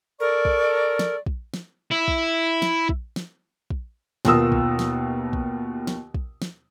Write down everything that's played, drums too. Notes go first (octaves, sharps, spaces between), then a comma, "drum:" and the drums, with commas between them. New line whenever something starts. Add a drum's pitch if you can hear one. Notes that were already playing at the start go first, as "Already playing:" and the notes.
A4 A#4 D5 C#6
drum: kick
drum: snare
drum: kick
drum: snare
E4
drum: kick
drum: snare
drum: kick
drum: snare
drum: kick
D#2 B2 F4 A#4 D#6 E6, drum: snare
drum: kick
drum: snare
drum: kick
drum: snare
drum: kick
drum: snare